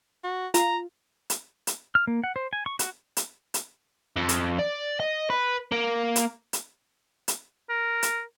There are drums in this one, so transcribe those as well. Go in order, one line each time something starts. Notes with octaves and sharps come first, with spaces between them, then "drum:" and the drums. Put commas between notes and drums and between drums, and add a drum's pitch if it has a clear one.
F#4
F4 A#5, drum: hi-hat
drum: hi-hat
drum: hi-hat
F6
A#3
F#5
C5
G#5
C#6
F#4, drum: hi-hat
drum: hi-hat
drum: hi-hat
F2
drum: hi-hat
D5
D#5
B4
A#3
drum: hi-hat
drum: hi-hat
drum: hi-hat
A#4
drum: hi-hat